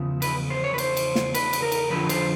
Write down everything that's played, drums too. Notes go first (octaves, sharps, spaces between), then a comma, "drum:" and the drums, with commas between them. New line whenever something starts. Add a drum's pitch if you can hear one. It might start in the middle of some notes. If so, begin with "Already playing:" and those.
Already playing: E2 C#3 F3
B4, drum: cymbal
C5
C#5
B4
C5, drum: cymbal
drum: cymbal
drum: snare
B4, drum: cymbal
drum: cymbal
A#4
drum: cymbal
F2 D3 F3 B4
C5, drum: cymbal